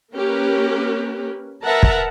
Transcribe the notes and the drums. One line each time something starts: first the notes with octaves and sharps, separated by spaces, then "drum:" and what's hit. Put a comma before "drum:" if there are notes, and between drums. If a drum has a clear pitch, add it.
A#3 C#4 G4 A#4 B4
A#4 B4 E5 F#5 A5 A#5
drum: kick